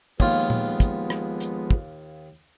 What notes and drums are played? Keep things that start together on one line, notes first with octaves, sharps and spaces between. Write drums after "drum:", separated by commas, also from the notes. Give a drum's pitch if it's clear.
D#2 F3 G#3 B3 F4, drum: kick, open hi-hat
drum: tom A#2
drum: kick, hi-hat
drum: rim click
drum: hi-hat
drum: kick